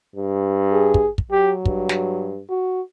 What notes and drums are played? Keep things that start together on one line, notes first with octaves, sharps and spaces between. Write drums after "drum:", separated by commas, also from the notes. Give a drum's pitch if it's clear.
G2
G#4
drum: kick
drum: kick
F#3 G4
G2, drum: kick
drum: snare
F#4